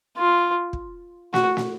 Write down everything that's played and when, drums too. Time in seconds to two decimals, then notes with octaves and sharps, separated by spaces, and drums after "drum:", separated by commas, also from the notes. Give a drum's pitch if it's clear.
0.18 F4
0.73 drum: kick
1.34 F#4, drum: snare
1.57 drum: snare